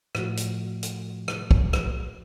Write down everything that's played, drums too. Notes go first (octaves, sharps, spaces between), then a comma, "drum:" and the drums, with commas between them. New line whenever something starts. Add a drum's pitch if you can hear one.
A2 F3 A3 F#4, drum: rim click
drum: hi-hat
drum: hi-hat
drum: rim click
drum: kick
drum: rim click